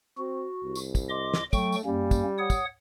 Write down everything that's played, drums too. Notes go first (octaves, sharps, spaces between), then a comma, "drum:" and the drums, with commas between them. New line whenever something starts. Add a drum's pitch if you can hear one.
C4 F#4
C2
drum: tambourine
drum: kick, tambourine
D#5 C6 D6
drum: snare
F#3 A3 G5 C#6, drum: kick, tambourine
drum: tambourine
F#2 G3 A#3 C#4
drum: kick, tambourine
C#5 F#5 D#6
drum: kick, tambourine